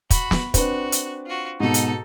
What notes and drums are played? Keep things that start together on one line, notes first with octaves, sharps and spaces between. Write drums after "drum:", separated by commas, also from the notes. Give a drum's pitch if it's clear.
F#4 B5, drum: kick, hi-hat
drum: snare
C4 D4 F#4 B4, drum: kick, hi-hat
drum: hi-hat
F4 F#4
G#2 B2 D#4 A4
drum: hi-hat